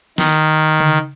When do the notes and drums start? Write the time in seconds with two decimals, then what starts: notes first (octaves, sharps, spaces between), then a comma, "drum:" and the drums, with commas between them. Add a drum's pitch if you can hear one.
0.18 D#3, drum: snare
0.80 drum: tom C#3